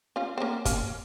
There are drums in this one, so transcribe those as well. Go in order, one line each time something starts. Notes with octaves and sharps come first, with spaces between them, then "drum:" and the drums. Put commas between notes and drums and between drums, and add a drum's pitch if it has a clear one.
C#4 F4
C4
A#3 C#4
A#3 C#4, drum: kick, hi-hat